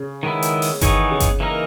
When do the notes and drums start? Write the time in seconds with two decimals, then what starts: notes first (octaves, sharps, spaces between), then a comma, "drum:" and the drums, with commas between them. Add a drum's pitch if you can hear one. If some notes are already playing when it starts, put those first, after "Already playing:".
Already playing: C#3
0.23 D#3 G#3 B3 E4
0.43 drum: hi-hat
0.62 drum: open hi-hat
0.81 D#3 E3 B3 D#4 G#4 C#5, drum: kick G1, hi-hat
1.11 C#3
1.20 drum: kick G1, hi-hat
1.40 E3 A#3 D#4 A#4